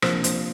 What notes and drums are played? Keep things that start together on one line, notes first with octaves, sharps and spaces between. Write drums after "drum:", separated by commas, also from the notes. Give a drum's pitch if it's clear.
C3 F3 A#3 D4 F4 C5, drum: rim click
C5, drum: hi-hat